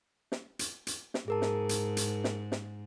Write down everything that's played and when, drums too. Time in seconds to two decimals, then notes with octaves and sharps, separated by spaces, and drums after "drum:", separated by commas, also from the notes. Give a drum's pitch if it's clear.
0.32 drum: snare
0.59 drum: hi-hat
0.87 drum: hi-hat
1.14 drum: snare
1.28 G#2 G#4 A#4 A5
1.42 drum: snare
1.69 drum: hi-hat
1.97 drum: hi-hat
2.24 drum: snare
2.52 drum: snare